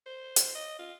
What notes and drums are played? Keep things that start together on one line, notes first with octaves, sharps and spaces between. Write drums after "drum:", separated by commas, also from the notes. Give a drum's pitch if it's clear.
C5
drum: hi-hat
D#5
F4